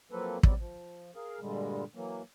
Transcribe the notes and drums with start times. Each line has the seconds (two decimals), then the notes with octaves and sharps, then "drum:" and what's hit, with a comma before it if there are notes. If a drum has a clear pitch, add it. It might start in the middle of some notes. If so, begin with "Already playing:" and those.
0.11 F3 F#3 A#3 C4 A4 B4
0.43 E2 F#3 G3 C4 D5, drum: kick
0.59 F3
1.15 G#4 A#4 F5
1.40 G2 A#2 D3 G3 G#3
1.95 E3 F#3 A#3